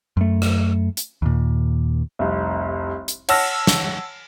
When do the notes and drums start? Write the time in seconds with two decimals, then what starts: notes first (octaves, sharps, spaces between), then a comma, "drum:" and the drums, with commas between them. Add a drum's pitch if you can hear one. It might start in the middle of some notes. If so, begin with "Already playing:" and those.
0.17 F#2 A3
0.42 drum: rim click
0.97 drum: hi-hat
1.22 D#2 A#2
2.19 F1 C2
3.08 drum: hi-hat
3.28 C#5 F#5 A5 E6 F6 A#6, drum: cymbal
3.67 drum: snare